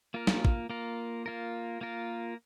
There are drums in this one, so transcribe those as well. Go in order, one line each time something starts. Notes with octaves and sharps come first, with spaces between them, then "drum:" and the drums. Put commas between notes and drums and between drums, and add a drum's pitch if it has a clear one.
A#3 F4 A#4
drum: snare
drum: kick
A#3 F4 A#4
A#3 F4 A#4
A#3 F4 A#4